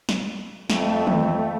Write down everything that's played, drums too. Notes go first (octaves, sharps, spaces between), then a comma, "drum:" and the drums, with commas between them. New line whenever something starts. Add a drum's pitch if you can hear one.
drum: snare
F2 A3, drum: snare
drum: tom D#3